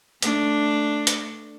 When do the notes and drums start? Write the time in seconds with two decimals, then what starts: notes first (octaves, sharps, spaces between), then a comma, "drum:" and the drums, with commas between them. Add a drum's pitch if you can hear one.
0.22 A3 D4, drum: hi-hat
1.07 drum: hi-hat